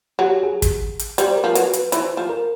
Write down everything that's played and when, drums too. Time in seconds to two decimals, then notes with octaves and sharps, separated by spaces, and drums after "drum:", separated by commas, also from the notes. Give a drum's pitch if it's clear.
0.19 F#3 G4
0.43 G#4
0.62 drum: kick, hi-hat
0.99 drum: hi-hat
1.18 G3 C5, drum: hi-hat
1.36 A#4
1.44 F3
1.55 F#3 B4, drum: hi-hat
1.73 B4, drum: hi-hat
1.92 E3 C5, drum: hi-hat
2.17 F3
2.29 A#4